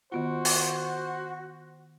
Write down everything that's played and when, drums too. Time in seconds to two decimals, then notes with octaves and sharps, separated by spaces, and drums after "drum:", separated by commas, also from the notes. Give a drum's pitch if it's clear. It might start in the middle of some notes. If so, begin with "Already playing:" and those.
0.12 D#3 B3 F4 F#4 C5
0.45 drum: open hi-hat